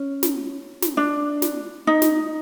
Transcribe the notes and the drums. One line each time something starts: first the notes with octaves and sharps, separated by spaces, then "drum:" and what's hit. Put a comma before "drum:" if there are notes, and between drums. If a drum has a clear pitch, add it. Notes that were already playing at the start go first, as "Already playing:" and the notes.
Already playing: C#4
drum: snare
drum: snare
D4
drum: snare
D#4
drum: snare